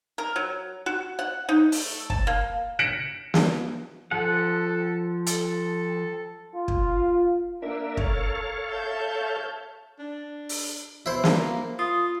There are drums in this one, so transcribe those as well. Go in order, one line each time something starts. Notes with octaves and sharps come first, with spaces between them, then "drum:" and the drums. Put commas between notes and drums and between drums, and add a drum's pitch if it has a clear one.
A#4
F#3
F#4
F#5
D#4
A3, drum: open hi-hat
A5, drum: kick
A#3
A#6 B6 C#7 D7 E7 F#7
drum: snare
F3 A4 F#5
A4, drum: hi-hat
F4
drum: kick
A#3 D4 A#4 E5
A4 A#4 C#5 F5, drum: kick
E5 A5 G6
D4
drum: open hi-hat
B2 E4 C5
A#3, drum: snare
F4 D#6